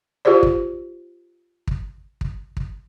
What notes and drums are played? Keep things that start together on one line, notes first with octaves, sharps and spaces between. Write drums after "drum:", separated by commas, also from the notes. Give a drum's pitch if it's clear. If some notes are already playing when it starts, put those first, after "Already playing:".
F4 G4 G#4 C5 D5
drum: kick
drum: kick
drum: kick
drum: kick